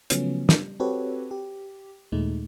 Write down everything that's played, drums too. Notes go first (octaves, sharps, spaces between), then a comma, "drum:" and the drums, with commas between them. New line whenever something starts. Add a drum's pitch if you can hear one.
C#3 F3 F#3 A3 B3 C#4, drum: hi-hat
G3, drum: snare
C4 F#4 G4 A4 B4 C#5
G4
D#2 A#2 G#3 A3 D#4